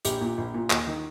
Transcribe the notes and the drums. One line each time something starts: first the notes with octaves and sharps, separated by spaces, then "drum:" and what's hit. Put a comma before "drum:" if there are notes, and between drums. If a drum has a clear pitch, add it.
A#1 G4, drum: hi-hat
A#2
A#1
A#2
D#2, drum: clap
D#3